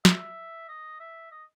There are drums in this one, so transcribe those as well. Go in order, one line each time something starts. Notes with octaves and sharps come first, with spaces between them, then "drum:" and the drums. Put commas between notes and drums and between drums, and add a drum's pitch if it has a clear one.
E5, drum: snare
D#5
E5
D#5